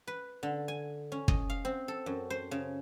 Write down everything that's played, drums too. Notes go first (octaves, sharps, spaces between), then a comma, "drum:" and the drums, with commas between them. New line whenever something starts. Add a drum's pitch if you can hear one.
B4
D3
G#5
C#4
D#5, drum: kick
F5
C4
A4
F#2
C5
C#3